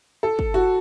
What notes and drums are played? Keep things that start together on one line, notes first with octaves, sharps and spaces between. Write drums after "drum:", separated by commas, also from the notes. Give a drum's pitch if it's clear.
A4
drum: kick
F#4